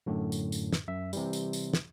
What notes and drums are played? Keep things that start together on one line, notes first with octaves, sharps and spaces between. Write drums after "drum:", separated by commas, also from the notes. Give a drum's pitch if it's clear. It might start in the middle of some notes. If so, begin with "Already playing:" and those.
F#2 A2 D3
drum: tambourine
drum: tambourine
drum: snare
F#2 E5
C3 E3 G3, drum: tambourine
drum: tambourine
drum: tambourine
drum: snare